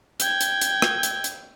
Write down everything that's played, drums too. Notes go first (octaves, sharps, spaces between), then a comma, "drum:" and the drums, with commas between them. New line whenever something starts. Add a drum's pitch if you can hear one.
G5 G#6, drum: hi-hat
drum: hi-hat
drum: hi-hat
drum: rim click
drum: hi-hat
drum: hi-hat